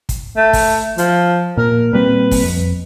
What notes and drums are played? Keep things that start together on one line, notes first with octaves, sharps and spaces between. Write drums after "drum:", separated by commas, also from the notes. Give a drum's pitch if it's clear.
drum: kick, hi-hat
A3
drum: kick, open hi-hat
F3, drum: hi-hat
A#2 A#4
A#2 G3 C4 B4
drum: kick, open hi-hat
F2